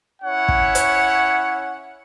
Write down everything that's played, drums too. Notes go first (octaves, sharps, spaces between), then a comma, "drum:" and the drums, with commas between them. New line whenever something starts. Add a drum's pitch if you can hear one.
C#4 E4 C#5 F#5
drum: kick
drum: hi-hat